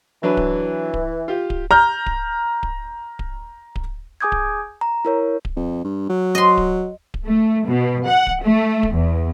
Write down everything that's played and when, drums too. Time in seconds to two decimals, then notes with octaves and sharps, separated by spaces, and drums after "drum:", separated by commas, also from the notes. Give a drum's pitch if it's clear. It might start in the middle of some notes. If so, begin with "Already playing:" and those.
0.23 E3 F#3 D4 B4
0.37 drum: kick D1
0.94 drum: kick D1
1.28 F4 G4
1.50 drum: kick D1
1.71 A#5 F6 G6
2.06 drum: kick D1
2.63 drum: kick D1
3.19 drum: kick D1
3.76 drum: kick D1
4.21 G#4 G#5 D6 D#6 G6 G#6
4.32 drum: kick D1
4.81 A#5
5.05 E4 A#4 C#5
5.45 drum: kick D1
5.56 F2
5.84 G2
6.09 F#3
6.35 D#5 C6
6.57 drum: kick D1
7.14 drum: kick D1
7.26 A3
7.67 B2
8.08 F#5
8.27 drum: kick D1
8.44 A3
8.83 drum: kick D1
8.94 E2